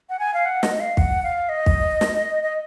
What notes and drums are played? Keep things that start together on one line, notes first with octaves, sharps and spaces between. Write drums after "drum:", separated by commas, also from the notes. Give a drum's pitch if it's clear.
F#5
G#5
F5
F#5
D#5, drum: snare
D#5
F5
F#5, drum: kick
F5
D#5
drum: kick
drum: snare
D#5